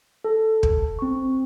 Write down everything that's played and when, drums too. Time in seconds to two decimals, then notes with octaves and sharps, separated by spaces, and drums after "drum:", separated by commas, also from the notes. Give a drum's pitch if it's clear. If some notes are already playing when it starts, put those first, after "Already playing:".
0.24 A4
0.63 drum: kick
0.99 C4 C#6